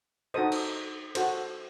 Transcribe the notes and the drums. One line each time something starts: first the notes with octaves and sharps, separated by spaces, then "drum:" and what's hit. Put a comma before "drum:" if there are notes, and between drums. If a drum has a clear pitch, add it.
D#4 F#4 A4 C5 D#5 D#6
drum: cymbal
F#4 A4 C5, drum: cymbal